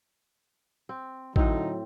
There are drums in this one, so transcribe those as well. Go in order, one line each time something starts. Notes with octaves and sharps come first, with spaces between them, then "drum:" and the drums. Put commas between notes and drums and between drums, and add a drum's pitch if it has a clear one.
C4
A2 D3 F#3 C4 D#4, drum: kick